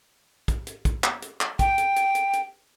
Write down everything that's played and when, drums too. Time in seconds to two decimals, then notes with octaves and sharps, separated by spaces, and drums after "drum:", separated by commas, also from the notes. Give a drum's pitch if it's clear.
0.48 drum: kick, hi-hat
0.67 drum: hi-hat
0.85 drum: kick, hi-hat
1.04 drum: clap
1.22 drum: hi-hat
1.41 drum: clap
1.59 G5, drum: kick, hi-hat
1.78 drum: hi-hat
1.96 drum: hi-hat
2.15 drum: hi-hat
2.33 drum: hi-hat